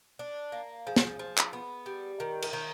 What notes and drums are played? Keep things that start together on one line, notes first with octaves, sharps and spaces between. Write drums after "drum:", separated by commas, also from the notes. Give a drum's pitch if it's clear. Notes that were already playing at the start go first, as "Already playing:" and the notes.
D4
A#3
F3 G#4
drum: snare
F3
drum: clap
B3
G3
D#3 A#4
A#4, drum: cymbal
D#3